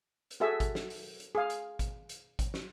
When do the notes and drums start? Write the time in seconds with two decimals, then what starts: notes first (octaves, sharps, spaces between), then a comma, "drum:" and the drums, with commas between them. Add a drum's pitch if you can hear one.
0.30 drum: hi-hat
0.40 F#4 G#4 A4 E5
0.60 drum: kick G#1, hi-hat
0.75 drum: snare
0.90 drum: open hi-hat
1.20 drum: hi-hat
1.35 G#4 F5
1.50 drum: hi-hat
1.79 drum: kick G#1, hi-hat
2.09 drum: hi-hat
2.39 drum: kick G#1, hi-hat
2.54 drum: snare